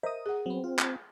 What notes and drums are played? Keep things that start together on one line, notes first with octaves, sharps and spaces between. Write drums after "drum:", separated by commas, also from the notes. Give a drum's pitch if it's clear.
A#4 C5 D#5 E5 D#6
G#4 F#5
F#3 B3 C4
F4
drum: clap